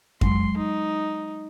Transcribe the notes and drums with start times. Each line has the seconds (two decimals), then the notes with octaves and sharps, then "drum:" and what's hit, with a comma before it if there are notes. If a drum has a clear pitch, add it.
0.21 F#3 G#3 C6, drum: kick F2
0.57 D#4